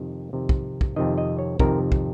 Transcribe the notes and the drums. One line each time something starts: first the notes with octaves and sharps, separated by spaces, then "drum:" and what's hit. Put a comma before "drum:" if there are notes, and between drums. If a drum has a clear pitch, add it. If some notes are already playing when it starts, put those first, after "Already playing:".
Already playing: F2 C3 D#3
F2 C3 D#3
drum: kick
drum: kick
F2 C3 D#3 D#5
D#5
C#5
F2 C3 D#3 A#4, drum: kick
drum: kick